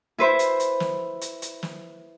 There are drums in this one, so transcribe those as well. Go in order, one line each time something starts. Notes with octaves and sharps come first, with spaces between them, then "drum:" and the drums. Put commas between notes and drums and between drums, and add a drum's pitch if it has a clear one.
E4 B4 C5 E5
drum: hi-hat
drum: hi-hat
drum: snare
drum: hi-hat
drum: hi-hat
drum: snare